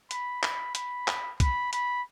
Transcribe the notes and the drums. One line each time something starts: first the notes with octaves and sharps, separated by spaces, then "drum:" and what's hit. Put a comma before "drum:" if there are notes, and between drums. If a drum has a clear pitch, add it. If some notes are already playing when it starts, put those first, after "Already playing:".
B5, drum: hi-hat
B5, drum: clap
B5, drum: hi-hat
drum: clap
B5, drum: kick C2, hi-hat
B5, drum: hi-hat